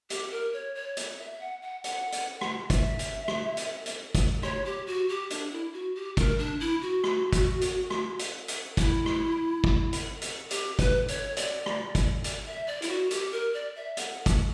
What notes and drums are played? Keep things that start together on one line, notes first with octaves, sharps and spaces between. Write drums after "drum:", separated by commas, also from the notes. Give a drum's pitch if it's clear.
G4, drum: hi-hat
A#4
C#5
C#5
drum: hi-hat
E5
E5
F#5
F#5
F#5, drum: hi-hat
drum: hi-hat
drum: rim click
E5, drum: kick, hi-hat
drum: hi-hat
drum: rim click
drum: hi-hat
drum: hi-hat
drum: kick, hi-hat
C#5, drum: rim click
G4
F#4
G4
D4, drum: hi-hat
E4
F#4
G4
A#4, drum: kick, hi-hat
D4
E4
F#4
drum: rim click
drum: kick, hi-hat
drum: hi-hat
drum: rim click
drum: hi-hat
drum: hi-hat
E4, drum: kick, hi-hat
drum: rim click
drum: kick
drum: hi-hat
drum: hi-hat
G4, drum: hi-hat
B4, drum: kick, hi-hat
C#5, drum: hi-hat
D5, drum: hi-hat
drum: rim click
drum: kick, hi-hat
D5, drum: hi-hat
E5
D5
E4, drum: hi-hat
F#4
G4, drum: hi-hat
A#4
D5
E5
F#5, drum: hi-hat
drum: kick, hi-hat